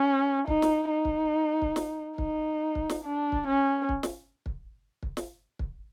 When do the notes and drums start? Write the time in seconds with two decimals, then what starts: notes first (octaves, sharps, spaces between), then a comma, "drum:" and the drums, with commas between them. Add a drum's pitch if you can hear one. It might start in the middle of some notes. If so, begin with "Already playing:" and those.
Already playing: C#4
0.48 D#4, drum: kick
0.62 drum: snare
0.90 D#4
1.05 drum: kick
1.62 drum: kick
1.76 drum: snare
2.18 D#4, drum: kick
2.75 drum: kick
2.90 drum: snare
3.04 D4
3.32 drum: kick
3.47 C#4
3.89 drum: kick
4.03 drum: snare
4.46 drum: kick
5.03 drum: kick
5.17 drum: snare
5.59 drum: kick